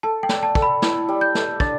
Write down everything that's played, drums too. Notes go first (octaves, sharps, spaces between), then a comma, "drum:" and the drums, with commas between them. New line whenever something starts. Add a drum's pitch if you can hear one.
A4 A5
G5
D5, drum: snare
A5
A4, drum: kick
B5
E4, drum: snare
G3
G6
A4, drum: snare
D4 A6, drum: kick